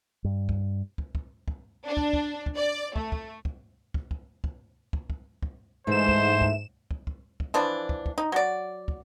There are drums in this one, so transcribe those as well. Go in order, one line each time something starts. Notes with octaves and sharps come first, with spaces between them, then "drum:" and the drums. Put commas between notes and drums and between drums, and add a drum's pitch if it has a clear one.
G2
drum: kick
drum: kick
drum: kick
drum: kick
D4
drum: kick
drum: kick
drum: kick
D5
A3, drum: kick
drum: kick
drum: kick
drum: kick
drum: kick
drum: kick
drum: kick
drum: kick
drum: kick
G#2 E3 A3 C5 E7
drum: kick
drum: kick
drum: kick
drum: kick
drum: kick
E3 F3 D4
drum: kick
drum: kick
D#4
F#3 D5
drum: kick